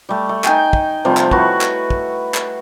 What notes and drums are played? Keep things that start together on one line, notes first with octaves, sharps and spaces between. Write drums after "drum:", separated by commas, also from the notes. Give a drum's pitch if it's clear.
G3 A3
A3
D#4 G5 G#5, drum: clap
drum: kick
C3 F3 G3 A3
drum: clap
E4 F#4 B4 C#5, drum: kick
drum: clap
drum: kick
drum: clap